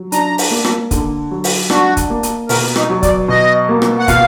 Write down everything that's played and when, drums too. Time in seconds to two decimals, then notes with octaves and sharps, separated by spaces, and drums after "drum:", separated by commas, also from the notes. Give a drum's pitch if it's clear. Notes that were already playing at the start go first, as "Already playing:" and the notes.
Already playing: F#3
0.12 D4 A#5, drum: hi-hat
0.38 drum: open hi-hat
0.51 A#3
0.65 drum: rim click
0.91 D3, drum: kick, hi-hat
1.31 F#3
1.44 drum: open hi-hat
1.70 D4 F#4, drum: rim click
1.97 drum: kick, hi-hat
2.10 A#3
2.23 drum: hi-hat
2.49 B2 A#4, drum: open hi-hat
2.76 D#4, drum: rim click
2.90 F#3
3.03 D5, drum: kick, hi-hat
3.28 B2 D#5
3.69 A#3
3.82 drum: rim click
3.99 F#5
4.08 B2 F5, drum: kick, hi-hat